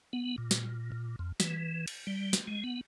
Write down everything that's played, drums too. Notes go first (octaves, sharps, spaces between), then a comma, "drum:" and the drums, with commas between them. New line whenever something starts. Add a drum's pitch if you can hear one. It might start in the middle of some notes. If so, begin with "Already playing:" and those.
B3
A#2
drum: snare
A#2
F2
E3, drum: snare
drum: cymbal
G3
drum: snare
G#3
B3